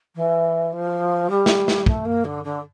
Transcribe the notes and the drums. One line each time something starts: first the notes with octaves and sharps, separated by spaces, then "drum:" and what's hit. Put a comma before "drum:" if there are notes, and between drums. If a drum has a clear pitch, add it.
E3
F3
G3
drum: snare
drum: snare
A3, drum: kick
A#3
D3
D3